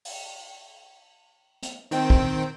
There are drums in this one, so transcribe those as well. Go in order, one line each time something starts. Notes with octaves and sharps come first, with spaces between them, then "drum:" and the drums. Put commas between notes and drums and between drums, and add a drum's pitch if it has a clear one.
drum: open hi-hat
drum: hi-hat
D#3 C4 G5, drum: hi-hat
drum: kick